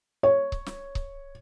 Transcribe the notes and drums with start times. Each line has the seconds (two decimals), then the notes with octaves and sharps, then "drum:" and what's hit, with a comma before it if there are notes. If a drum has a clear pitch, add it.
0.23 C#5
0.52 drum: kick C#1
0.66 drum: snare
0.95 drum: kick C#1